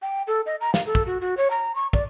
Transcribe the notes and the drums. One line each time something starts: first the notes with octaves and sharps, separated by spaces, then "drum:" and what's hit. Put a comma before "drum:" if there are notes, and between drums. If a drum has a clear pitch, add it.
G5
A4
D#5
A#5
F5, drum: snare
A4
drum: kick
F#4
F#4
C#5
A#5
C#6
D5, drum: kick